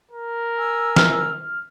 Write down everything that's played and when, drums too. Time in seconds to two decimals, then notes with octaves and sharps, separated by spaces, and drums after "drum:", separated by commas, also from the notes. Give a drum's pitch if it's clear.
0.11 A#4
0.57 G#5 E6
0.96 F6, drum: snare